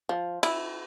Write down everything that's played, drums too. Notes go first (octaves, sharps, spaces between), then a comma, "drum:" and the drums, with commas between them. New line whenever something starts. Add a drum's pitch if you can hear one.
F3
E4, drum: cymbal